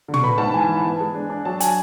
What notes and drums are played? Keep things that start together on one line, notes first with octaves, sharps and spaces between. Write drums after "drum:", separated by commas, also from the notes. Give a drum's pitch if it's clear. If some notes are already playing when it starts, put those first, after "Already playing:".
D3
C#6, drum: tom
B3 B5
G#2 A5
E3 G#5
E3
B3
G#3
D4
D4
F#3 A5
G#5, drum: hi-hat